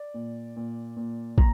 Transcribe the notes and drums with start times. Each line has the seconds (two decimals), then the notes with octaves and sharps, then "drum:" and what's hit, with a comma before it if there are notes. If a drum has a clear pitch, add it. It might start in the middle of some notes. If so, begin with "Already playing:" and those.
Already playing: D5
0.14 A#2
0.57 A#2
0.97 A#2
1.38 A#2 A#5, drum: kick